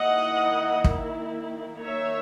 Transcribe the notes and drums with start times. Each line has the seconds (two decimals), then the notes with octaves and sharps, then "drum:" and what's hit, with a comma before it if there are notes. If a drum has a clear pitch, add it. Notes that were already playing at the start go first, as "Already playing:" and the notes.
Already playing: D#3 A#3 E4 D#5 F#5
0.84 drum: kick
1.83 D#3 A#3 D#4 C#5 E5